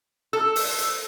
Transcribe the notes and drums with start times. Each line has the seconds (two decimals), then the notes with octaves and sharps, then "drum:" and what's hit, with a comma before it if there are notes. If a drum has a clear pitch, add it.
0.33 A4 E6
0.56 drum: open hi-hat
0.78 drum: hi-hat